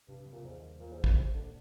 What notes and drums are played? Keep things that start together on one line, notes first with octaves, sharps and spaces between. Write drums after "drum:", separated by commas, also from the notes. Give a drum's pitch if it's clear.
G2 C3
C3
A#2
D#2 G#2
G3
D#2 A#2
G#2
A#3
A#2, drum: kick
C3 G#3
A#2 D3